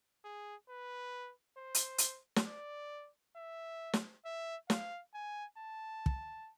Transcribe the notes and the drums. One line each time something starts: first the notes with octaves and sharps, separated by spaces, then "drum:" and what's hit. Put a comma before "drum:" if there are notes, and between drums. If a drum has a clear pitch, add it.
G#4
B4
C5
drum: hi-hat
drum: hi-hat
drum: snare
D5
E5
drum: snare
E5
F5, drum: snare
G#5
A5
drum: kick